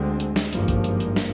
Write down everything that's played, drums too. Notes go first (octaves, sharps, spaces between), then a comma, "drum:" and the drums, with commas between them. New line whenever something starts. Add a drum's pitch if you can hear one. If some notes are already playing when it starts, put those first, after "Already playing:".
Already playing: D2 D3 G#3 C4
drum: hi-hat
drum: snare
G#1 G2 F3 A#3, drum: hi-hat
drum: kick, hi-hat
drum: hi-hat
drum: hi-hat
drum: snare